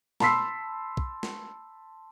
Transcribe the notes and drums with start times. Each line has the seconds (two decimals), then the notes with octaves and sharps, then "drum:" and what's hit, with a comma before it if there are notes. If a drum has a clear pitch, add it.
0.20 A5 B5 C6 E6 B6 C7, drum: snare
0.97 drum: kick
1.23 drum: snare